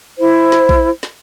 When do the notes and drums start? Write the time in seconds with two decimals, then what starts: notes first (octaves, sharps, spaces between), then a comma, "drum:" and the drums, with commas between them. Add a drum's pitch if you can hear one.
0.18 E4 C5
0.52 drum: snare
0.69 drum: kick A#1
1.03 drum: snare